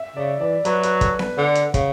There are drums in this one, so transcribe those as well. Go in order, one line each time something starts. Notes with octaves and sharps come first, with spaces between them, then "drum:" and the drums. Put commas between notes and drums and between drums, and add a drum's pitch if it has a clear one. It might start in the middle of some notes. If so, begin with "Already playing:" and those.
Already playing: E5
C#3 D5
E3 D5
F#3 B4, drum: hi-hat
B4, drum: hi-hat
A4, drum: kick, hi-hat
B4, drum: snare B3
D3 F#5
drum: hi-hat
C#3, drum: kick, hi-hat